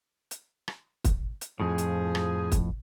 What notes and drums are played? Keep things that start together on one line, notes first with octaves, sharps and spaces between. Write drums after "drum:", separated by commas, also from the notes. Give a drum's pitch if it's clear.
drum: hi-hat
drum: rim click
drum: kick, hi-hat
drum: hi-hat
F2 A2 F3 G#4
drum: hi-hat
drum: rim click
drum: kick, hi-hat